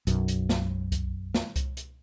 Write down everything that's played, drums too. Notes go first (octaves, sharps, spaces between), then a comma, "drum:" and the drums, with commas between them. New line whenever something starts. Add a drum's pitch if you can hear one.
B1 F#2, drum: hi-hat
drum: hi-hat
drum: snare
drum: kick C2, hi-hat
drum: snare
drum: kick C2, hi-hat
drum: hi-hat